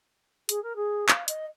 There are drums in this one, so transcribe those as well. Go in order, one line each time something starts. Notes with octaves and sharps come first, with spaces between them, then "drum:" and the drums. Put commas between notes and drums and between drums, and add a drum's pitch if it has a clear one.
G#4, drum: hi-hat
A#4
G#4
F5, drum: clap
D#5, drum: hi-hat